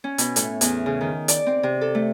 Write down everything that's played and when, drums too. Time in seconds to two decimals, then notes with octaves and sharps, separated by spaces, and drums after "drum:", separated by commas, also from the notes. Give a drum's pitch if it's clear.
0.04 C#4
0.18 B2, drum: hi-hat
0.36 A2, drum: hi-hat
0.61 E2, drum: hi-hat
0.86 C#3
1.01 D#3
1.28 D5, drum: hi-hat
1.46 C4
1.63 C3
1.81 A4
1.95 A3